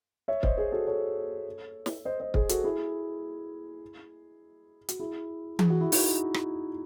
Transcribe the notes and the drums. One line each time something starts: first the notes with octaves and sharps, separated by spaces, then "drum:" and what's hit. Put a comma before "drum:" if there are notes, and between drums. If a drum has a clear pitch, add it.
C#5 E5
C5 D#5, drum: kick
G#4 C5
F#4 A4
A4 C#5
drum: snare
C5 D#5
C5 D#5
G#4 C5, drum: kick
F#4 A4, drum: hi-hat
E4 G#4
F#4, drum: hi-hat
E4 G#4
G#4, drum: tom E3
F#4
E4
D#4 F#4, drum: open hi-hat
drum: rim click